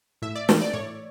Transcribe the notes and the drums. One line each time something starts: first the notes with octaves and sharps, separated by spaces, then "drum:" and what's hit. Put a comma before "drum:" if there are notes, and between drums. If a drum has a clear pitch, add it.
A2 E5
D5
E3, drum: snare
D5
A2 C#5